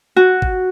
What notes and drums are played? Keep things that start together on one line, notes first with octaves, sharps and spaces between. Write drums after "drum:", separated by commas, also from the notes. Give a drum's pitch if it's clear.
F#4
drum: kick G1